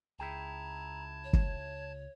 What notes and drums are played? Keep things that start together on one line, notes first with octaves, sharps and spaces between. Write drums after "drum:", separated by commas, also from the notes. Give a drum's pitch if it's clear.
C#2 E4 G#4 G5 A5 A#5 G#6
C#5
drum: kick